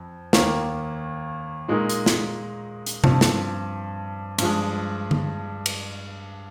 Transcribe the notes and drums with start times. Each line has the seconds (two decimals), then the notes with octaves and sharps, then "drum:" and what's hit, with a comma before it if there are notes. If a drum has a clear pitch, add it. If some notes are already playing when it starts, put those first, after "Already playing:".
Already playing: F2
0.33 D#2 D#3 A#3, drum: snare
1.68 A#2 G#3 D#4 A#4
1.90 drum: hi-hat
2.06 drum: snare
2.86 drum: hi-hat
3.04 G2 F3 C4, drum: tom C3
3.21 drum: snare
4.38 G2 F3 G#3, drum: cymbal
5.11 drum: tom D3
5.66 drum: cymbal